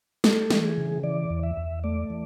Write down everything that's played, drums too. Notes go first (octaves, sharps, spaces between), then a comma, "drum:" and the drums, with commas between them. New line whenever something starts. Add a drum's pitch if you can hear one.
A3 A4, drum: snare
E3, drum: snare
G#4
C#3
E3 D5
E2
E5
E2
A3 D5
E3